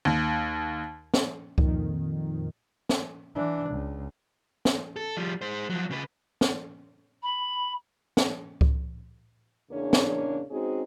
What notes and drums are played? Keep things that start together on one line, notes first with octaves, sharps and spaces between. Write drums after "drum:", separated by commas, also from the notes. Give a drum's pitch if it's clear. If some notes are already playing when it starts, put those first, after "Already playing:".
D#2
drum: snare
F2 A#2 D#3, drum: kick C#2
drum: snare
E3 D4
C#2
drum: snare
A4
F3 G3
G#3 C5
F3 F#3
C#3 B4
drum: snare
B5
drum: snare
drum: kick C#2
E2 C#3 A#3 C#4 D4
drum: snare
G#3 C4 C#4 D#4 F#4 G#4